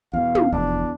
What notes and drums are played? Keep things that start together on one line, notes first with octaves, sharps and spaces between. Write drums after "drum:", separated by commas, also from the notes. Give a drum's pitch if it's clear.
E2 B2 F5
drum: tom
F1 E2 D4